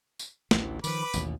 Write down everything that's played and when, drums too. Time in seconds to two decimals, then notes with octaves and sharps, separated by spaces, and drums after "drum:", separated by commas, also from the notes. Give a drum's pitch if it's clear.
0.19 drum: tambourine
0.51 A1 D2 E3, drum: snare
0.84 D#3 F3 B4 B5 D6, drum: tambourine
1.14 A1 D#2 B2, drum: tambourine